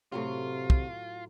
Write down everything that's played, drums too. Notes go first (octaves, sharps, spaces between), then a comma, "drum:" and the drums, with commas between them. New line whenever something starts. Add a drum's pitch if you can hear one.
A2 C3 F#3 F4 F#4
drum: kick